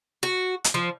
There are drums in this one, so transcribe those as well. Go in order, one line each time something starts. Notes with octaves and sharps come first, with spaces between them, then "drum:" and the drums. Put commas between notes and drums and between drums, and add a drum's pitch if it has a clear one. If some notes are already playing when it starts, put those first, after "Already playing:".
F#4
drum: hi-hat
F3